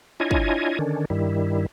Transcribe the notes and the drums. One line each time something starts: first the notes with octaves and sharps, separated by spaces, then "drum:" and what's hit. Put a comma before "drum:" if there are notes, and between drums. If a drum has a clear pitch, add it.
D4 E4 F4 C#5 D#5 G#5
drum: kick
D3 D#3 C#4 D4
G2 D#3 G3 E4